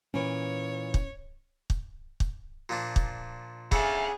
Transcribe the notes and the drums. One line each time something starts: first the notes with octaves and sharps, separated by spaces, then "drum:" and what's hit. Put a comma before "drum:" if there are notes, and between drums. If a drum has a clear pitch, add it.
A#2 E3 C#4 C#5
drum: kick
drum: kick
drum: kick
A#2 F3 D4
drum: kick
C#3 D4 G#4 A4 E5 F#5, drum: kick